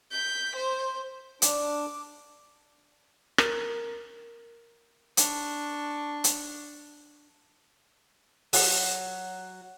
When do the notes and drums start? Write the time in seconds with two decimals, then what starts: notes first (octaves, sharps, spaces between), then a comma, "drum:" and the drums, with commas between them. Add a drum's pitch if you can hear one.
0.11 G6 B6
0.56 C5
1.42 D4 D6, drum: hi-hat
3.38 A#4, drum: rim click
5.17 D4 C#6, drum: hi-hat
6.24 drum: hi-hat
8.53 F#3, drum: open hi-hat